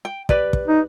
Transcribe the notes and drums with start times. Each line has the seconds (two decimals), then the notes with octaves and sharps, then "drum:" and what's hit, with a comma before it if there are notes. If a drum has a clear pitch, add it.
0.05 G5
0.29 G4 B4 D5, drum: kick
0.53 drum: kick
0.68 D#4